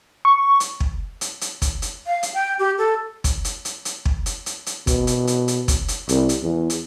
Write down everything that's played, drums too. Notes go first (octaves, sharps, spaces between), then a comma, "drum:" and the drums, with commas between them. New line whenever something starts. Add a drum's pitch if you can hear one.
C#6
drum: hi-hat
drum: kick
drum: hi-hat
drum: hi-hat
drum: kick, hi-hat
drum: hi-hat
F5
drum: hi-hat
G5
G4
A4
drum: kick, hi-hat
drum: hi-hat
drum: hi-hat
drum: hi-hat
drum: kick
drum: hi-hat
drum: hi-hat
drum: hi-hat
B2, drum: kick, hi-hat
drum: hi-hat
drum: hi-hat
drum: hi-hat
drum: kick, hi-hat
drum: hi-hat
C2, drum: hi-hat
drum: hi-hat
E2
drum: hi-hat